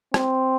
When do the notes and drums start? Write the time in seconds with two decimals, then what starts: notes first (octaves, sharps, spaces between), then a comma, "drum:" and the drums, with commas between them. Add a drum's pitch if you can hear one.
0.14 C4, drum: rim click